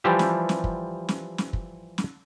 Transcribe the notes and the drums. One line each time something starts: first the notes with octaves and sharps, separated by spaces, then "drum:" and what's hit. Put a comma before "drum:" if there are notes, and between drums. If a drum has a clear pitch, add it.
E3 F3 G3 G4 E5
drum: snare
drum: snare
drum: kick
drum: snare
drum: snare
drum: kick
drum: snare